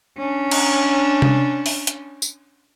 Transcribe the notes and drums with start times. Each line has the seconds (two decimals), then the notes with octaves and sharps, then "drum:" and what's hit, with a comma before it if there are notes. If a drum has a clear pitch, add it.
0.18 C#4 D4
0.51 drum: cymbal
1.22 drum: tom C3
1.66 drum: open hi-hat
1.87 drum: hi-hat
2.22 drum: tambourine